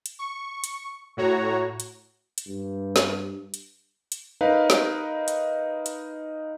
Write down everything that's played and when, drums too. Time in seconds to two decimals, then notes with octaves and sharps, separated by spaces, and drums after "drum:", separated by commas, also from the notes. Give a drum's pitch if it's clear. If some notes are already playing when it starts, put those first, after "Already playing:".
0.06 drum: hi-hat
0.19 C#6
0.64 drum: hi-hat
1.17 A2 F#4 C#5 A#5
1.80 drum: hi-hat
2.38 drum: hi-hat
2.47 G2
2.96 drum: snare
3.54 drum: hi-hat
4.12 drum: hi-hat
4.41 D#4 A#4 B4 F5
4.70 drum: snare
5.28 drum: hi-hat
5.86 drum: hi-hat